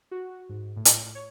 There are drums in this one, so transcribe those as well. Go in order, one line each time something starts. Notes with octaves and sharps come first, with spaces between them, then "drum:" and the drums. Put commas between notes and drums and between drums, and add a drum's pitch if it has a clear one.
F#4
G#2
A2
drum: hi-hat
C#5